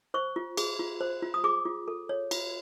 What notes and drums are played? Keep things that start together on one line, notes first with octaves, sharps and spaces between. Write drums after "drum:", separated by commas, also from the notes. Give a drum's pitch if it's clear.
C5 C#6
F4
G#4, drum: cymbal
F4
C5
F4
D#6
G#4 D6
F4
A4
C#5
F4, drum: cymbal